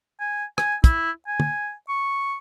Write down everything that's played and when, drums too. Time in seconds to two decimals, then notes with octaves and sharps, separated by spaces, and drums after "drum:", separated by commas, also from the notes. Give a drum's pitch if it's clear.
0.20 G#5
0.58 G#5, drum: rim click
0.84 E4, drum: kick, hi-hat
1.28 G#5
1.40 drum: tom
1.89 C#6